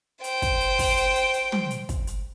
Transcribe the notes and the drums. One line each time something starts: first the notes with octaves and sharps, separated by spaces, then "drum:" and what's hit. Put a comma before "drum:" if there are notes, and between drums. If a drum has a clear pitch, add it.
C5 G5, drum: hi-hat
drum: kick, hi-hat
drum: hi-hat
drum: kick, open hi-hat
drum: hi-hat
drum: hi-hat
drum: hi-hat
drum: tom
drum: hi-hat
drum: kick, hi-hat
drum: hi-hat